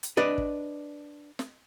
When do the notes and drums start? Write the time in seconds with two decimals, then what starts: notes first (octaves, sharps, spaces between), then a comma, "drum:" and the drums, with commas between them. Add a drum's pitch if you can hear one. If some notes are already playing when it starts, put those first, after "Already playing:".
0.03 drum: hi-hat
0.17 D4 B4 D5 D#5
0.38 drum: kick
1.39 drum: snare